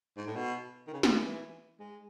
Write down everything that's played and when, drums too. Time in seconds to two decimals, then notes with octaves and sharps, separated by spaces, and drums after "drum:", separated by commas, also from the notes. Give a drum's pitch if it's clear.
0.17 G#2
0.27 A2
0.36 B2
0.88 D#3
0.93 C#3
1.03 C#3, drum: snare
1.13 D#3
1.23 E3
1.80 G#3